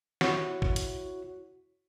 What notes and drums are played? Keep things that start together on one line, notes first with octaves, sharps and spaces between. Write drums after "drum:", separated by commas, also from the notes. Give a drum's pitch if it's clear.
E4 F#4 C#5, drum: snare
drum: kick
drum: hi-hat